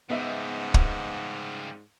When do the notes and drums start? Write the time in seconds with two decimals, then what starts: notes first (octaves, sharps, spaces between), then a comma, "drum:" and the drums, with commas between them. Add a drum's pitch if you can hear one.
0.10 G#2 C#3 G3 B3 D#5 E5 F#5
0.74 drum: kick